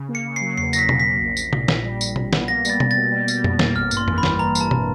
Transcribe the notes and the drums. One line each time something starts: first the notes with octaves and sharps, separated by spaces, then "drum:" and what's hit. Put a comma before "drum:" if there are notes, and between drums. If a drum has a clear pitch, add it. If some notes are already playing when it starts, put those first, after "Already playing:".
Already playing: C#3
A#3
C#7
C#3
C7
F#3
E2 C7
F#3 A#6, drum: tambourine
B6
C#3, drum: tom B2
A#3 B6
A#1
A#1, drum: tambourine
A#2, drum: tom C3
A#1, drum: snare
G3
A#1, drum: tambourine
A#1, drum: tom B2
B3, drum: snare
A#3 A#6
G3 A6, drum: tambourine
G3, drum: tom B2
B2 A6
G3
G3, drum: tambourine
B2, drum: tom F2
A#3, drum: snare
A1 F6
G2, drum: tambourine
C6
E3, drum: tom F2
B5
G3, drum: snare
G2 A#5
E3, drum: tambourine
A5
drum: tom B2